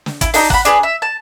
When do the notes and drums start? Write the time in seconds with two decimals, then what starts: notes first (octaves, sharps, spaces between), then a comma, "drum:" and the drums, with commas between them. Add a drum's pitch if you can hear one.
0.06 drum: snare
0.21 E4, drum: kick, hi-hat
0.34 D4 D#4 A#5, drum: open hi-hat
0.50 F#5 B5, drum: kick
0.65 D4 G#4 B4, drum: hi-hat
0.83 E5
1.02 A5